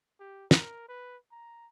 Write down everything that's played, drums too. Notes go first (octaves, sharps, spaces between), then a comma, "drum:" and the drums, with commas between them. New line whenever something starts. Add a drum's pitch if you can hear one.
G4
A#4, drum: snare
B4
A#5